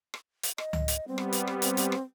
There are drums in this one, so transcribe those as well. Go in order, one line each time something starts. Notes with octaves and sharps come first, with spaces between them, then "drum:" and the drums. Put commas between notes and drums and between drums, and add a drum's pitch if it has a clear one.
drum: rim click
drum: hi-hat
D#5, drum: rim click
drum: tom C#2
drum: hi-hat
G3 B3 C4
drum: rim click
drum: hi-hat
drum: rim click
C4, drum: hi-hat
drum: hi-hat
drum: rim click